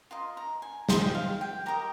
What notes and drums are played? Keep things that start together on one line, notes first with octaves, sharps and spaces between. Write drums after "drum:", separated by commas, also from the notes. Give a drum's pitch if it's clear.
F4 A#4 D#5 C6
A#5
G#5
F4 C5 D#5 G5, drum: snare
F5
G5
G4 A#4 D#5 A#5